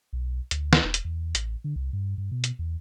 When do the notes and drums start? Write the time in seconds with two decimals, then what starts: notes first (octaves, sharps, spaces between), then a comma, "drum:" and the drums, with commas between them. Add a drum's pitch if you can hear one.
0.13 B1
0.51 D2, drum: hi-hat
0.73 drum: snare
0.84 E1
0.94 drum: hi-hat
1.05 E2
1.35 A1, drum: hi-hat
1.64 D3
1.76 C2
1.93 G2
2.18 G2
2.32 B2
2.44 drum: hi-hat
2.59 E2